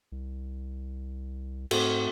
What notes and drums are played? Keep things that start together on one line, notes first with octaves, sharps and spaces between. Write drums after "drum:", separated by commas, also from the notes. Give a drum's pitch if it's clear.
C2
G#2 A3 C4 F#4, drum: cymbal